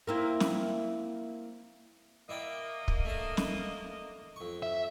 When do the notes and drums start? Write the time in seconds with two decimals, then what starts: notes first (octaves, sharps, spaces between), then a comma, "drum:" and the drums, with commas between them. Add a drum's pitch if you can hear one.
0.07 A#3 C4 E4
0.40 drum: snare
2.29 A#3 E4 D5 D#5 G5
2.88 drum: kick
3.05 A3 D4 A5
3.37 drum: snare
4.36 F2 C#6
4.63 E5